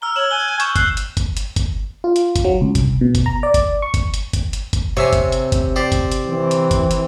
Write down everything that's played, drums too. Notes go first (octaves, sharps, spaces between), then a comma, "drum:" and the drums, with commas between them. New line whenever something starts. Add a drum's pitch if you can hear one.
A#5 E6 F6 G7
C#5 E7 F#7
G#5 F6 F#6 G7
C#6 G6 E7, drum: hi-hat
F#6 C7, drum: kick, hi-hat
drum: hi-hat
drum: kick, hi-hat
drum: hi-hat
drum: kick, hi-hat
F4
drum: hi-hat
drum: kick, hi-hat
F#3
C#2
C2, drum: kick, hi-hat
B2
drum: kick, hi-hat
A#5
D5
drum: kick, hi-hat
C#6
drum: kick, hi-hat
drum: hi-hat
drum: kick, hi-hat
drum: hi-hat
drum: kick, hi-hat
C3 C#5 E5 G#5
drum: kick, hi-hat
drum: hi-hat
drum: kick, hi-hat
G4 C5 D5
drum: kick, hi-hat
drum: hi-hat
E3 C4
drum: hi-hat
drum: kick, hi-hat
drum: hi-hat